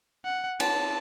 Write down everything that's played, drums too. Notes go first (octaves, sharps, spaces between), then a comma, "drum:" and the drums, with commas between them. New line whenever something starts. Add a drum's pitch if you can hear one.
F#5
A5, drum: cymbal